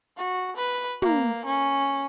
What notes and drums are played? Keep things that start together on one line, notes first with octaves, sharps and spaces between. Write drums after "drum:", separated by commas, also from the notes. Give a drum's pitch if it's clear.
F#4
B4
A#3, drum: tom
C#4